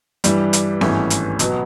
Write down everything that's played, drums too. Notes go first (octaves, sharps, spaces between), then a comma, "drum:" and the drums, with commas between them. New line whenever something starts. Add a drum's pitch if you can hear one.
G2 E3 G3, drum: hi-hat
drum: hi-hat
G#1 G2 E3 A3 C#4, drum: snare B3
drum: hi-hat
B2 F#3 B3, drum: hi-hat